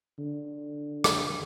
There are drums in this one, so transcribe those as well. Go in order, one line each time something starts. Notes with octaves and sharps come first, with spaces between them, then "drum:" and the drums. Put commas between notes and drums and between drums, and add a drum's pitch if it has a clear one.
D3
drum: rim click